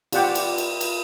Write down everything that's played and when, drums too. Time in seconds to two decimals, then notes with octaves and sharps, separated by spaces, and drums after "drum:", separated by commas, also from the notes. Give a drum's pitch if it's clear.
0.12 F4 G4 D5 F#5 G5 D6, drum: cymbal
0.35 drum: cymbal
0.58 drum: cymbal
0.81 drum: cymbal